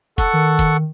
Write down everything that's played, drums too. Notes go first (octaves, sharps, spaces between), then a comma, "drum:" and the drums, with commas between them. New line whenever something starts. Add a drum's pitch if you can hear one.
A4 F#5 C#6, drum: kick, hi-hat
D#3
drum: kick, hi-hat